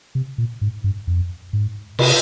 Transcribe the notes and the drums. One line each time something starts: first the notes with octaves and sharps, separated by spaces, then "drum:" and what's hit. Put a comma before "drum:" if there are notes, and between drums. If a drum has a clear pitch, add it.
C3
A#2
G#2
G2
F2
G#2
C3, drum: cymbal